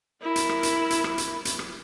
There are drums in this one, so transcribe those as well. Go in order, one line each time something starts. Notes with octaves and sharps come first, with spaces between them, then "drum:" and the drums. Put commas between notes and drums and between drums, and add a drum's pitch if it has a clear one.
E4 A#4
drum: hi-hat
drum: rim click
drum: hi-hat
drum: hi-hat
drum: rim click
drum: hi-hat
drum: hi-hat
drum: rim click